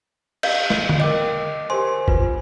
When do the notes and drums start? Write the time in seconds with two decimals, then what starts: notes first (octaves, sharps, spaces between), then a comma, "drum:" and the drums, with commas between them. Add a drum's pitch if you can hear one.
0.43 D#5 F5 G6, drum: cymbal
0.70 drum: snare
0.89 drum: tom D3
1.00 A#4 D#5 G5 D6
1.70 G4 A#4 C5 G#5 C6
2.08 F4 B4, drum: kick